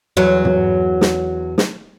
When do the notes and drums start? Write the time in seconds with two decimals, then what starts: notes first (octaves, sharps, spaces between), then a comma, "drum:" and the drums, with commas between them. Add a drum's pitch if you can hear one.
0.17 E2 F#3
0.45 drum: tom
1.01 drum: snare
1.58 drum: snare